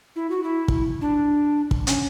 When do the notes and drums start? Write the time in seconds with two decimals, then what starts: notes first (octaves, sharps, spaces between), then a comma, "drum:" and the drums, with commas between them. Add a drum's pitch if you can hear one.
0.16 E4
0.30 F#4
0.43 E4
0.68 drum: kick
1.01 D4
1.71 drum: kick
1.87 C#4, drum: hi-hat